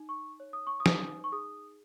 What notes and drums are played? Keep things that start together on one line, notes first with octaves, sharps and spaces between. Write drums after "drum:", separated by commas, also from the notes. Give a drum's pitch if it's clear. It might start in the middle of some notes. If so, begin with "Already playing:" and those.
Already playing: D#4
C#6
C#5
D#6
C#6
D#6
D#4, drum: snare
C#6
G#4 D#6